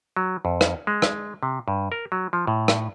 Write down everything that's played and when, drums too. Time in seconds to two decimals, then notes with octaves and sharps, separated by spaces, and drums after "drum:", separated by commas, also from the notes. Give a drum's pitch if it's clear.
0.17 F#3
0.45 F2
0.61 drum: rim click
0.87 G#3
1.02 drum: rim click
1.43 C3
1.68 G2
1.92 A#4
2.12 F#3
2.33 F3
2.47 A2
2.68 drum: rim click